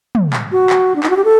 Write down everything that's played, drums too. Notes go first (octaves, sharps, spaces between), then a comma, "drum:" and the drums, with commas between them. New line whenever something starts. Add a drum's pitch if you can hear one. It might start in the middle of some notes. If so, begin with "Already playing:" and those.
drum: tom
drum: clap
F#4
drum: clap
D4
D#4, drum: clap
F#4
G4
A4